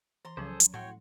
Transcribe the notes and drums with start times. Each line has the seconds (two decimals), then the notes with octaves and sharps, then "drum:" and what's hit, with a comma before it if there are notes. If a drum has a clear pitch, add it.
0.25 E3 A#5 C6
0.37 C#2 C#3 F3 F#3 C#4 G#4 A4 C5
0.60 drum: hi-hat
0.74 A2 F#4 C#5 G5 C6